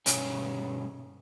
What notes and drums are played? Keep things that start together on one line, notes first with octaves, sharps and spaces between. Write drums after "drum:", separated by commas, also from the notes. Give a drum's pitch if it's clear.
G2 B2 C#4 C#5 G#5, drum: hi-hat